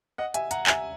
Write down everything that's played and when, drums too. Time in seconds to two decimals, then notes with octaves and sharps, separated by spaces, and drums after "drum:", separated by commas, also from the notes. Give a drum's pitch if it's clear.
0.18 D#5 F#5
0.34 E5 G#5, drum: hi-hat
0.51 F#5 A#5, drum: hi-hat
0.67 E5 G#5, drum: clap